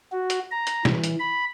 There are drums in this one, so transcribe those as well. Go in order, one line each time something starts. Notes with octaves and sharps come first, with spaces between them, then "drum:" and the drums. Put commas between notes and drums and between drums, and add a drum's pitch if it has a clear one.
F#4
drum: hi-hat
A#5
drum: hi-hat
E3, drum: snare
drum: hi-hat
B5